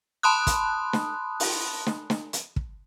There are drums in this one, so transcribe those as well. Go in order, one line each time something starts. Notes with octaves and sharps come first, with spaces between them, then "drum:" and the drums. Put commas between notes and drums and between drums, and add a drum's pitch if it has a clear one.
A5 B5 C6 D#6 F#6
drum: kick, hi-hat
drum: snare
drum: open hi-hat
drum: snare
drum: snare
drum: hi-hat
drum: kick